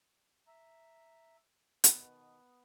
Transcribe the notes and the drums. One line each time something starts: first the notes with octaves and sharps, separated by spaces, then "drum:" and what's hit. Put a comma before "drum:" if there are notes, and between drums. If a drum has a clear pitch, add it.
E5 A#5
B2 D#3 B3, drum: hi-hat